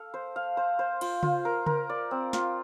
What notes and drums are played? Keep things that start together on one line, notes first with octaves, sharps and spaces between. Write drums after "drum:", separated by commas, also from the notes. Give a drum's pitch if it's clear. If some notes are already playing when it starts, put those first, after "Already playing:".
Already playing: A4 F5
C5
F5
C5
C5
F4, drum: cymbal
F4, drum: tom C#3
A#4
A#4, drum: tom C#3
D5
C4
F4, drum: snare